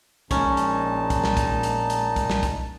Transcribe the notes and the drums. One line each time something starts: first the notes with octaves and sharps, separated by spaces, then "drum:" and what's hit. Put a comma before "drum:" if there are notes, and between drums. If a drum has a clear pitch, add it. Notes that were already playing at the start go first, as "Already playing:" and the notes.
A#1 A#2 G#3 C#4 D#4 A5, drum: kick, hi-hat
drum: hi-hat
drum: kick, hi-hat
drum: snare
drum: kick, hi-hat
drum: hi-hat
drum: hi-hat
drum: kick, hi-hat
drum: snare
drum: kick, hi-hat